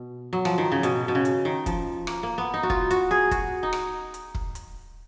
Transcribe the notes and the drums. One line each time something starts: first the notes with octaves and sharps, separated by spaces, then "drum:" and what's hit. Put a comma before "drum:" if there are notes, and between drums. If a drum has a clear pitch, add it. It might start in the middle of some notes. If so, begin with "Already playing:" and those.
Already playing: B2
F#3
F3, drum: rim click
D#3
C#3
B2, drum: hi-hat
B2
C#3
drum: hi-hat
D#3
F3, drum: kick, hi-hat
A#3, drum: rim click
A#3
B3
D#4
F#4
F4, drum: kick
F#4, drum: hi-hat
G#4
F#4, drum: kick, hi-hat
D#4
drum: rim click
drum: hi-hat
drum: kick
drum: hi-hat